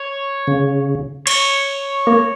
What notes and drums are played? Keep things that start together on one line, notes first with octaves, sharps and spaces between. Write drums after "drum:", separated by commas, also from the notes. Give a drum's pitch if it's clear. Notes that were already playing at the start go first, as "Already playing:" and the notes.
Already playing: C#5
C#3
C#5, drum: cymbal
A#3